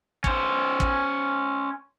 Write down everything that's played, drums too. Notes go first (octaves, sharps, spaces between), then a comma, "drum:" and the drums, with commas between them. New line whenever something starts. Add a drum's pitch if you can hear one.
C#4 C5, drum: kick
drum: kick